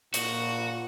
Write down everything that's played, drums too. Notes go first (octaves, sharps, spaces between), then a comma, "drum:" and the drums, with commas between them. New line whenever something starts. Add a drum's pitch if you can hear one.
A#2 F#4, drum: hi-hat